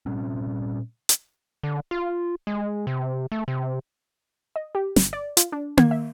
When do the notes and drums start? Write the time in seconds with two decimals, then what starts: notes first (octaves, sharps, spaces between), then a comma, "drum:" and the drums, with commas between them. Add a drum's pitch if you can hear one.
0.06 A#2 G3 C4 C#4
1.09 drum: hi-hat
1.63 D3
1.91 F4
2.47 G#3
2.87 C3
3.32 A3
3.48 C3
4.56 D#5
4.75 G4
4.96 G1, drum: snare
5.13 D5
5.37 F4, drum: hi-hat
5.52 D4
5.77 G#6, drum: tom A#3
5.91 E5